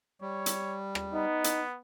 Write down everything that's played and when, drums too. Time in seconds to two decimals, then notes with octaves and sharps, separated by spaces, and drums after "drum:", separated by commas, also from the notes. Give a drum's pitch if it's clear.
0.22 G3 C#5
0.46 drum: hi-hat
0.95 drum: rim click
1.13 B3 D#4
1.44 drum: hi-hat